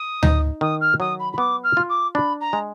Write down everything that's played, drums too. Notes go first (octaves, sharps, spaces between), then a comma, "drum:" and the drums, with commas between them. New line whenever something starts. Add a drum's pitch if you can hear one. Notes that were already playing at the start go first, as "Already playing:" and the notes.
Already playing: D#6
D#4, drum: tom D2
D#3 D#6
F6
F#3 D#6
B5
B5
B3 D6
F6
F4
D6
D4 B5
A#5
G#3